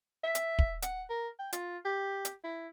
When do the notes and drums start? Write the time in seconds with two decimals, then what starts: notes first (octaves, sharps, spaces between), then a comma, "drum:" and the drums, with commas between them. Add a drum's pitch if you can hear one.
0.23 E5
0.35 drum: hi-hat
0.59 drum: kick
0.82 F#5, drum: hi-hat
1.09 A#4
1.39 G5
1.53 F4, drum: hi-hat
1.85 G4
2.25 drum: hi-hat
2.44 E4